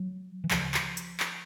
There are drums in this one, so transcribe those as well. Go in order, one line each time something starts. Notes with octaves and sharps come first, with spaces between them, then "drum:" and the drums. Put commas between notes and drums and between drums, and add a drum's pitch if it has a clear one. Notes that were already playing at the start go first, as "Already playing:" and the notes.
Already playing: F#3
E3
D2 C#3 F3, drum: clap
drum: clap
drum: hi-hat
drum: clap